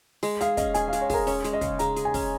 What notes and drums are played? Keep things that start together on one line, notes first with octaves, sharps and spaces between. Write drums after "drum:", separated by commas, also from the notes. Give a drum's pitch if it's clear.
G#3, drum: open hi-hat
G#4 F5, drum: hi-hat
C#4 D#5, drum: kick, hi-hat
G#4 G#5, drum: hi-hat
F5
G#3, drum: hi-hat
C#5
G#4 A#4, drum: kick, open hi-hat
C#4 C#5, drum: open hi-hat
G#3, drum: hi-hat
D#5
C#3, drum: kick, hi-hat
G#3 A#5, drum: hi-hat
G#4, drum: hi-hat
G#5
C#4, drum: kick, open hi-hat